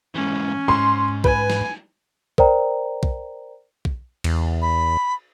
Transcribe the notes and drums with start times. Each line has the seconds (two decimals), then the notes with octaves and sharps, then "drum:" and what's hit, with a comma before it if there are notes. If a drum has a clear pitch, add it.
0.15 G#2 E3 C#4
0.68 G#2 C6
1.24 B4 G#5, drum: kick B1
1.50 drum: snare
2.38 A#4 C5 D5 G5 A#5, drum: kick B1
3.03 drum: kick B1
3.85 drum: kick B1
4.24 E2, drum: cymbal
4.62 B5